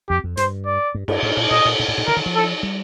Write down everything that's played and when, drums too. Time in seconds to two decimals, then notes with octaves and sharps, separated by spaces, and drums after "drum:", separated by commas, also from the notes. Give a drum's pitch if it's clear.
0.09 F2 G4
0.24 F2
0.37 G2 C5, drum: hi-hat
0.66 D5
0.95 G2
1.08 G2, drum: cymbal
1.23 A2
1.37 A#2
1.51 A#2 D#5
1.65 A#2
1.79 A#2
1.88 A2
1.98 A#2
2.07 D3 A#4
2.17 D#3
2.26 F3
2.35 A4
2.63 G3